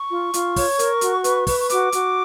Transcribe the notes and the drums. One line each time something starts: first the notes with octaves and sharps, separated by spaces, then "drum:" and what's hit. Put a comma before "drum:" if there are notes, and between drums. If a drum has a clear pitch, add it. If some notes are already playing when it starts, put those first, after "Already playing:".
Already playing: C#6
F4
F4, drum: hi-hat
C#5, drum: kick, open hi-hat
A#4, drum: hi-hat
F#4, drum: hi-hat
B4, drum: hi-hat
B4, drum: kick, open hi-hat
C#6
F#4 D6, drum: hi-hat
F#4, drum: hi-hat